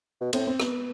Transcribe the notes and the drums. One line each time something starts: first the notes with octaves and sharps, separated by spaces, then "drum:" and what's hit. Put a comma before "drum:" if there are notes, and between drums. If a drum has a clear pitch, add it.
B2
A2 C4, drum: cymbal
C4
B3, drum: rim click